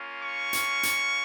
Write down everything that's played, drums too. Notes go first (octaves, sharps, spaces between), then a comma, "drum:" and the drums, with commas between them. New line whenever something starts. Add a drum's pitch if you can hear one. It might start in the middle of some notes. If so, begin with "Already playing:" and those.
Already playing: A#3 C#4 F4
C#6
drum: hi-hat
drum: hi-hat